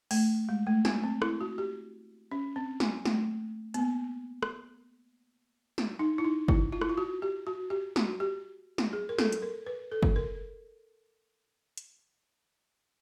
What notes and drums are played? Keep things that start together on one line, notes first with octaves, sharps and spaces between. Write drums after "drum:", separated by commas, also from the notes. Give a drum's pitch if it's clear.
A3, drum: open hi-hat
G#3
A3
A#3, drum: snare
C4
E4, drum: rim click
F#4
G4
C#4
C4
A#3, drum: snare
A3, drum: snare
B3, drum: hi-hat
A#3
drum: rim click
drum: snare
D#4
E4
D#4
E4, drum: kick
F4
E4, drum: rim click
F4
F#4
G4
F#4
G4
F#4, drum: snare
G4
drum: snare
G#4
A#4
A4, drum: snare
drum: hi-hat
A#4
B4
A4
drum: kick
A#4
drum: hi-hat